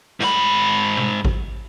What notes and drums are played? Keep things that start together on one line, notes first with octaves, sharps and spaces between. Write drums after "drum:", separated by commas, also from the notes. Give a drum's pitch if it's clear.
G#2 B5, drum: snare
drum: tom B2
drum: kick G#1